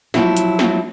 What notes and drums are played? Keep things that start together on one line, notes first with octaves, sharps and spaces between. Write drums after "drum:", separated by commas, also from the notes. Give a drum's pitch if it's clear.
F3 F#3 E4, drum: snare
drum: hi-hat
drum: snare